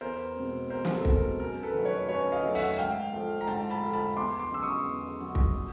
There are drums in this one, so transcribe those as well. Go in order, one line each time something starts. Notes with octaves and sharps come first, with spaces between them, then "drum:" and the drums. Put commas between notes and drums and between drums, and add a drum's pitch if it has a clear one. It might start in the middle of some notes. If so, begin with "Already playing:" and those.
E2 A#4 C5
B2 G#3 C4
E2 A#4 C5
drum: snare
A4
B2 G#3 C4, drum: kick
A#4
F#2 A#4
A4 B4
D#3 F#3 A3
B4 C#5
F#2 B4 C#5
D#5 F5
D#3 F#3 A3
E5 F#5, drum: open hi-hat
G#2 F5 G5
F3 A3
A#5
G#2 G5 A5
A5 B5
F3 A3
A5 B5
E2 C6 D6
C6 D6
C#3 F#3 E6
C#6 D#6
E2
C#3 F#3
drum: kick
A#2